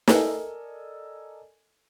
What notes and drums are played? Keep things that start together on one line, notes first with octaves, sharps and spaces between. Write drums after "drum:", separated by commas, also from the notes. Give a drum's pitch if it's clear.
A4 A#4 D5 D#5 G#5, drum: snare